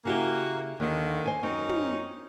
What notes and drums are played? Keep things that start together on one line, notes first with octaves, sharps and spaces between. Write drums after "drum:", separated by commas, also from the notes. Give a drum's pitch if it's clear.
C#3 A#3 E4 F#4 G4
D#2 D3 D#3
C5 G#5
F#2 C4 C#4 D#4
drum: tom